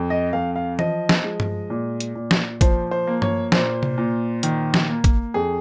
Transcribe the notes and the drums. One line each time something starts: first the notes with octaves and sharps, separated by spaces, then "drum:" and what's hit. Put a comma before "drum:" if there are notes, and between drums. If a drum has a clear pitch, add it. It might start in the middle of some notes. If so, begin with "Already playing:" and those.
Already playing: F2
D#5
F2 F5
F5
F3 D#5, drum: tom E3
drum: snare
G#3
drum: tom G2
A#2
drum: hi-hat
A#2
drum: snare
F3 C5, drum: kick, hi-hat
C5
A#3
C#5, drum: tom G2
A#2 C5, drum: snare
drum: tom C3
A#2
D#3, drum: hi-hat
drum: snare
A#3
drum: kick, hi-hat
F2 G#4